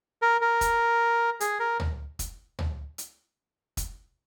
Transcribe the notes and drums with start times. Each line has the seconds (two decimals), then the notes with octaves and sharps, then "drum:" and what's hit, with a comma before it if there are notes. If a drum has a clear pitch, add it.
0.22 A#4
0.41 A#4
0.61 drum: kick, hi-hat
1.40 G#4, drum: hi-hat
1.60 A#4
1.80 drum: tom
2.19 drum: kick, hi-hat
2.59 drum: tom
2.98 drum: hi-hat
3.77 drum: kick, hi-hat